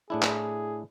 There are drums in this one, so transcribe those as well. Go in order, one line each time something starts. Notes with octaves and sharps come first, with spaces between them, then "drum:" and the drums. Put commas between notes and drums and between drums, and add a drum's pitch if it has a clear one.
A2 D4 E4 G#4
drum: clap